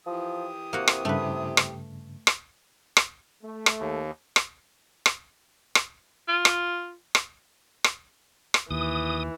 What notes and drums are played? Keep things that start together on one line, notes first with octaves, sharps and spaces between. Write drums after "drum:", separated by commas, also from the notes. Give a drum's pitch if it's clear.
E3 F3 G4 D#6
C3 A#3 F#4
drum: rim click
G2 C#3 A3 B4
drum: rim click
drum: rim click
drum: rim click
A3
drum: rim click
D#2
drum: rim click
drum: rim click
drum: rim click
F4
drum: rim click
drum: rim click
drum: rim click
drum: rim click
D#2 E3 D#6